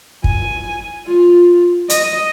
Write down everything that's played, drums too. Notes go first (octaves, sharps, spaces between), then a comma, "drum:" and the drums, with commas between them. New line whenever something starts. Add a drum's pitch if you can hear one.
G#5, drum: kick
F4
D#5, drum: hi-hat